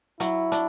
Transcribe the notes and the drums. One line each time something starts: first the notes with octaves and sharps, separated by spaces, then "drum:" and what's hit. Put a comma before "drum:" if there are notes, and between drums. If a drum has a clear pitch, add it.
F#3 E4, drum: hi-hat
D4, drum: hi-hat